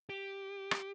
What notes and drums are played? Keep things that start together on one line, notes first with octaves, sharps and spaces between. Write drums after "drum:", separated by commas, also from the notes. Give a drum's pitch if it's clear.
G4
drum: rim click